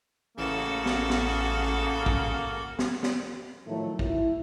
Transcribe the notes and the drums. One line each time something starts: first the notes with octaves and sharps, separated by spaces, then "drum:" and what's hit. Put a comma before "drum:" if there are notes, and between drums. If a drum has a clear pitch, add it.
A1 C#3 A#3 F#4 A4 E7
drum: snare
drum: snare
drum: kick
drum: snare
drum: snare
A2 D#3 F3 F#3 A3
E4, drum: kick